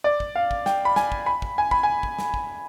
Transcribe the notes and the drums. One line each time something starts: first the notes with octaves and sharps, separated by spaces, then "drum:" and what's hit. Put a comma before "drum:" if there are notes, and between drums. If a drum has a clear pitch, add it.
D5
drum: kick
F5
drum: kick
G5, drum: snare
B5
G#5, drum: snare
drum: kick
B5
drum: kick
G#5
B5, drum: kick
G#5
drum: kick
drum: snare
drum: kick